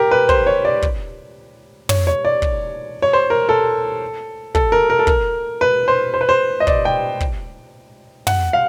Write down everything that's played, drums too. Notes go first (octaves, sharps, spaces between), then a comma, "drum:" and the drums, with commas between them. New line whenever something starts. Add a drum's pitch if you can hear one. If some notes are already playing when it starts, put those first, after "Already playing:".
Already playing: G4 A#4
B4
C5, drum: kick
C#5
D5
drum: kick
C#5, drum: tom
C#5
D5
drum: kick
C#5
C5
A#4
A4
A4, drum: kick
A#4
A#4
A4
A#4, drum: kick
B4
C5
C5
B4
C5
D#5
D5, drum: kick
G5
drum: kick
F#5, drum: tom
F5